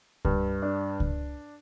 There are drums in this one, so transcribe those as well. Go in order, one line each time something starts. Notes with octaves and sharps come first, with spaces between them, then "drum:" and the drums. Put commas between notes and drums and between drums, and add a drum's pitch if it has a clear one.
G2, drum: kick C#2
D4
drum: kick C#2